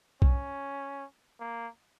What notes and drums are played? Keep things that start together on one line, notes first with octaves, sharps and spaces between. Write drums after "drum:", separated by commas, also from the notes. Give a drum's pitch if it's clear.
C#4, drum: kick B1
A#3